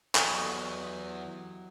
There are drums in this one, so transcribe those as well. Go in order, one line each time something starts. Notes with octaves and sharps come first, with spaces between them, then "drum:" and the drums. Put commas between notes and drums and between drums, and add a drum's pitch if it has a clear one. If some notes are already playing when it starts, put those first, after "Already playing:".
E2 F#3 G4 A4 D#5 C#6, drum: clap